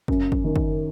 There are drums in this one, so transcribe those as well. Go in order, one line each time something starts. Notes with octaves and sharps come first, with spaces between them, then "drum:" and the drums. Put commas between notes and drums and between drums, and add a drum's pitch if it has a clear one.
F#2, drum: kick
drum: kick
D#3
drum: kick